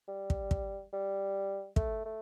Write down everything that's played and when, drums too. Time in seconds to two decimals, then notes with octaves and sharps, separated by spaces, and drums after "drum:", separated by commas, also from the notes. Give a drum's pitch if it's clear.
0.08 G3
0.30 drum: kick
0.51 drum: kick
0.93 G3
1.76 A3, drum: kick
2.05 A3